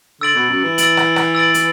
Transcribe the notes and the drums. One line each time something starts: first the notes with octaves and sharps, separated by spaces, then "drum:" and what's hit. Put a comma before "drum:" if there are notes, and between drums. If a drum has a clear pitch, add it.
D3 E6 A6 D7 F#7
B2
F#2
E3
E6 A6 D7 F#7, drum: hi-hat
drum: rim click
drum: rim click
E6 A6 D7 F#7
drum: hi-hat